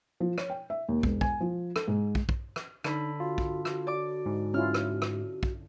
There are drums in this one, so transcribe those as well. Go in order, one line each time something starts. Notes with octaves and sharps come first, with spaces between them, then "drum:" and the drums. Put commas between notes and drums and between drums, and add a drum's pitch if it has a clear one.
F3
C#5, drum: rim click
G5
E5
D#2
E1, drum: kick
G#5, drum: kick
F3
A4, drum: rim click
G#2
drum: kick
drum: kick
drum: rim click
D3 D#4 B5, drum: rim click
F4 F#4
drum: kick
drum: rim click
D5 D6
G#2
C#4 E4 F4 F6
drum: rim click
drum: rim click
drum: kick